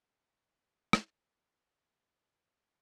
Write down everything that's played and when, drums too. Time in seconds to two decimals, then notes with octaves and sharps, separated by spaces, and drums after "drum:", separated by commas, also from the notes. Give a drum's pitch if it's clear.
0.21 C#4
0.93 drum: rim click
1.16 E4
1.88 D4
2.39 F3